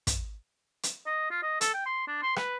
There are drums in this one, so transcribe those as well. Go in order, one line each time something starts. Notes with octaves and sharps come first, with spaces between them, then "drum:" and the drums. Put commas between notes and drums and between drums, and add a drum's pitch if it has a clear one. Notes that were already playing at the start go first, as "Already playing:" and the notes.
drum: kick, hi-hat
drum: hi-hat
D#5
F4
D#5
A4, drum: hi-hat
G5
C6
D4
C6
B4, drum: rim click